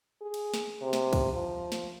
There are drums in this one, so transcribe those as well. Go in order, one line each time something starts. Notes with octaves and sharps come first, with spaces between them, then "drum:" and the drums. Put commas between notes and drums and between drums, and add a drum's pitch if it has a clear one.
G#4
drum: cymbal
drum: snare
C3
drum: snare
drum: kick, cymbal
F3
drum: snare